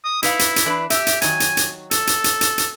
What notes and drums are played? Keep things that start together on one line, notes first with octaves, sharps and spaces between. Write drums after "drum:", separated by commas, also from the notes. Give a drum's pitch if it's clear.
D#6
D#4 E4 B4 F5, drum: hi-hat
drum: hi-hat
drum: hi-hat
E3 D4 B4
G4 E5, drum: hi-hat
drum: hi-hat
D#3 F#3 G#5, drum: hi-hat
drum: hi-hat
drum: hi-hat
A4, drum: hi-hat
drum: hi-hat
drum: hi-hat
drum: hi-hat
drum: hi-hat